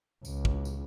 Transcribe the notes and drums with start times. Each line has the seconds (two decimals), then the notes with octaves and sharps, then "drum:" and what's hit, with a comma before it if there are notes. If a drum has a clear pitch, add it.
0.25 C#2, drum: tambourine
0.45 drum: kick
0.65 drum: tambourine